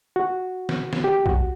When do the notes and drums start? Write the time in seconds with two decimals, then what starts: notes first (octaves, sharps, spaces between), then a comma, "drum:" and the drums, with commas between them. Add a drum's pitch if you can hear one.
0.16 F#4
0.69 drum: snare
0.93 drum: snare
1.04 G4
1.26 F#4, drum: kick